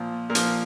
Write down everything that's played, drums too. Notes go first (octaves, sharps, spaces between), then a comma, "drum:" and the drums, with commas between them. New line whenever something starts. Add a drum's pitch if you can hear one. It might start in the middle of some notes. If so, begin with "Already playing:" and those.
Already playing: A#2 F3
A#2 A#4
F3, drum: hi-hat